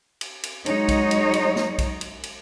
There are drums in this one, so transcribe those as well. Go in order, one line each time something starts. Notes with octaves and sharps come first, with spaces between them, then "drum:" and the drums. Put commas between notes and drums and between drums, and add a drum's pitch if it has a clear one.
drum: cymbal
drum: cymbal
F#3 G#3 D#4 C#5 D#5, drum: cymbal
drum: kick B1, cymbal
drum: cymbal
drum: cymbal
drum: snare
drum: kick B1, cymbal
drum: cymbal
drum: cymbal